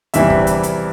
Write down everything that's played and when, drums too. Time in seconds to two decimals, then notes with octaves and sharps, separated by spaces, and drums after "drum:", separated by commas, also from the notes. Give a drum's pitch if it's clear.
0.14 E2 C3 E3 G3 E5, drum: hi-hat
0.30 drum: kick
0.47 drum: hi-hat
0.63 drum: hi-hat